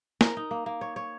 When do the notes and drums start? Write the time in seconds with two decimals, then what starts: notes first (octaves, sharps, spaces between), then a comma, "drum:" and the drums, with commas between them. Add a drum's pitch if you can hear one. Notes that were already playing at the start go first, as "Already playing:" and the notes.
0.21 A#4, drum: snare
0.37 D#4
0.51 A#3
0.66 A#3
0.81 C#5
0.96 C#5